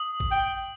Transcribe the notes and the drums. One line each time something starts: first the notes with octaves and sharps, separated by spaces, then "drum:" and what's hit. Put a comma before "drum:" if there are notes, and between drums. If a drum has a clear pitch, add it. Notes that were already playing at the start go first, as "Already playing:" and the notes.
Already playing: D#6
drum: kick
G5